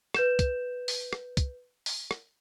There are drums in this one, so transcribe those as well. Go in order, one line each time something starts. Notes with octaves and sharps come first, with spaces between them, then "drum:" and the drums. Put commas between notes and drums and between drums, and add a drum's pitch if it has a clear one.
B4 G6 E7, drum: rim click
drum: kick, hi-hat
drum: open hi-hat
drum: rim click
drum: kick, hi-hat
drum: open hi-hat
drum: rim click